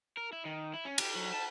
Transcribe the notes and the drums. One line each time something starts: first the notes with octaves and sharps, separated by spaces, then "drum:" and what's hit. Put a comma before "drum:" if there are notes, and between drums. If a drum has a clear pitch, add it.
A#4
E4
D#3
E4
C#4
G4, drum: cymbal
F#3
A5